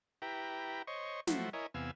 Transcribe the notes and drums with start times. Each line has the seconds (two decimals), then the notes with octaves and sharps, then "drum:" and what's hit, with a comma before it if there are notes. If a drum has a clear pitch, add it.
0.22 E4 G4 B4 G5 A#5
0.87 C5 C#5 D#5 C#6
1.27 F3 F#3 A3 E4 F#4 C5, drum: snare
1.53 E4 A#4 C#5 D#5 G#5
1.74 E2 C3 B3 F5 G#5 E6